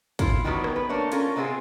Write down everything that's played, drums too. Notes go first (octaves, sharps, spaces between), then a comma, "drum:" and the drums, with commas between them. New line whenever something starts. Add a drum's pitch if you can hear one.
E4 F4, drum: kick, hi-hat
D#3 E3 F#3 G3 B3
drum: rim click
B4
A3 A#3 D4 C#5
C#4 F4 A4 A#4, drum: hi-hat
C3 B3 C4 D#4 F4 G#4